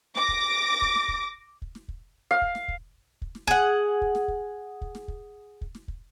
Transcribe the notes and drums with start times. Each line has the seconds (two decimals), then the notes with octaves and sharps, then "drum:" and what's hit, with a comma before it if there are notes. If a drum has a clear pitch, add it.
0.15 D6 A#6, drum: snare
0.29 drum: kick
0.82 drum: kick
0.95 drum: snare
1.08 drum: kick
1.62 drum: kick
1.75 drum: snare
1.88 drum: kick
2.31 F5
2.42 drum: kick
2.55 drum: snare
2.68 drum: kick
3.22 drum: kick
3.35 drum: snare
3.47 G#4 F#5, drum: kick
4.02 drum: kick
4.15 drum: snare
4.28 drum: kick
4.81 drum: kick
4.95 drum: snare
5.08 drum: kick
5.61 drum: kick
5.75 drum: snare
5.88 drum: kick